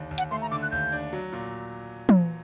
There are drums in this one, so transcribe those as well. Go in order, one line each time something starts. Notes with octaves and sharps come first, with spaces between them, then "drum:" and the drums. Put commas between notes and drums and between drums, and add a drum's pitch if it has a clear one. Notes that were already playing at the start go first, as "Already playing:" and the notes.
Already playing: D#2 D3 D4
D#2
F#5, drum: hi-hat
A3 C6
A#5
D3 D6
F#6
D#2 G6
D4
F#3
A#2
drum: tom